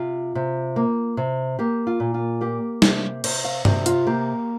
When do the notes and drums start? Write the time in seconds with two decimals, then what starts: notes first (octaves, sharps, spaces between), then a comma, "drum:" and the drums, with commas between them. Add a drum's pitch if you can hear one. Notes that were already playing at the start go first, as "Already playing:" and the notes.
Already playing: C3 F4
0.35 C3
0.76 A#3
1.17 C3
1.59 A#3 G4
1.87 F4
2.00 A#2
2.14 F4
2.41 A#3 G4
2.82 C3, drum: snare
3.24 C3 C5, drum: cymbal
3.44 F5
3.65 C3 D5, drum: tom G2
3.86 F4, drum: hi-hat
4.07 A#3 G4